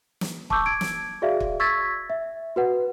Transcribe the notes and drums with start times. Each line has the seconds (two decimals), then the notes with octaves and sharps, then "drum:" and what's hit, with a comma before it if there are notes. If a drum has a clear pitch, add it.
0.21 drum: snare
0.50 A5 C#6 D6 E6 G6, drum: kick
0.66 G#6 D7
0.81 drum: snare
1.22 F#4 G#4 D5 E5 F5
1.40 drum: kick
1.60 C#6 E6 G#6 A6 B6
2.10 E5
2.56 F#4 B4 F#5